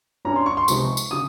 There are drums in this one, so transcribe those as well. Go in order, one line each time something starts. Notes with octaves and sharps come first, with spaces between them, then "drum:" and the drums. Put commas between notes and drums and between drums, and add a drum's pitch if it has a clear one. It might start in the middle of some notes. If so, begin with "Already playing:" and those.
G2 G3 C#4 A#5
C6
C#6
C6
C#2 C3 F3 C4 D#4 C#6, drum: tambourine
drum: tambourine
C#3 D#6